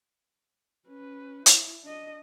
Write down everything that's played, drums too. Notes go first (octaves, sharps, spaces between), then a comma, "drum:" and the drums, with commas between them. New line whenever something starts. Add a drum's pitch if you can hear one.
C#4 B4
E4, drum: hi-hat
D4 D#5